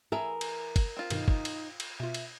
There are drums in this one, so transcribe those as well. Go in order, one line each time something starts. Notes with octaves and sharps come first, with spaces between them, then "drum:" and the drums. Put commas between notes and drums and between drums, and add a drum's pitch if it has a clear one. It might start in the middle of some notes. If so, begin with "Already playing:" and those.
E3 G#4 A#4 E5 A5
drum: cymbal
drum: kick, cymbal
C4 F4
G2 B2 D#3 D#4, drum: cymbal
drum: kick
drum: cymbal
drum: cymbal
B2 F4 E5
drum: cymbal